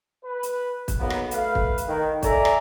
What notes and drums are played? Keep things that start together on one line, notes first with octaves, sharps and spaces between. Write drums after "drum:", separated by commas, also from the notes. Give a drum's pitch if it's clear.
B4
drum: hi-hat
drum: kick, hi-hat
B1 A#3 B3
drum: rim click
A3 B4 F5, drum: hi-hat
drum: kick
drum: hi-hat
D#3
A4 D5 E5 G#5 A#5, drum: kick, hi-hat
drum: rim click